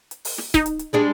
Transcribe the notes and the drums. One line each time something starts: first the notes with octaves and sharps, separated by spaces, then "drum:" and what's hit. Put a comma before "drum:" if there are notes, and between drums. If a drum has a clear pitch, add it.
drum: hi-hat
drum: open hi-hat
drum: snare
D#4, drum: kick, hi-hat
drum: hi-hat
drum: hi-hat
G3 G#3 D4